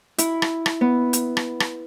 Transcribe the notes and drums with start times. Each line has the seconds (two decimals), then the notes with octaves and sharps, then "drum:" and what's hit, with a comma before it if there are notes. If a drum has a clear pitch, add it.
0.18 E4, drum: hi-hat
0.42 drum: rim click
0.66 drum: rim click
0.81 B3
1.13 drum: hi-hat
1.37 drum: rim click
1.60 drum: rim click